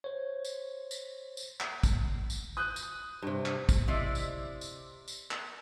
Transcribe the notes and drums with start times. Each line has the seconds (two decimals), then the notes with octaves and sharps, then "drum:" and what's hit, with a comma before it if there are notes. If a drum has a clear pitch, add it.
0.04 C5 C#5
0.45 drum: tambourine
0.91 drum: tambourine
1.37 drum: tambourine
1.60 drum: clap
1.83 drum: kick, tambourine
2.30 drum: tambourine
2.57 D#6 F#6 G6
2.76 drum: tambourine
3.22 G2 C3
3.46 drum: clap
3.69 drum: kick, tambourine
3.88 C3 E4 D5 D#5
4.15 drum: tambourine
4.61 drum: tambourine
5.08 drum: tambourine
5.31 drum: clap